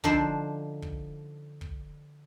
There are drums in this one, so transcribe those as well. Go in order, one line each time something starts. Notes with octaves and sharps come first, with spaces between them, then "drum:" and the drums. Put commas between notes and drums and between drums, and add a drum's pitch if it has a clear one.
D3 F3 D4 D#4 C5, drum: kick
drum: kick
drum: kick